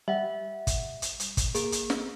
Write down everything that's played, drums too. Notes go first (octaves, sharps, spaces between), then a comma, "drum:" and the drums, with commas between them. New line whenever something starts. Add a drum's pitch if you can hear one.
G3 E5 F#5
drum: kick, hi-hat
drum: hi-hat
drum: hi-hat
drum: kick, hi-hat
A#3 G#4, drum: hi-hat
drum: hi-hat
drum: snare